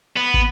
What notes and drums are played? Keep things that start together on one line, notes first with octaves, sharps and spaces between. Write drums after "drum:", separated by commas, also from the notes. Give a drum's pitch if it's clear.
B3
drum: kick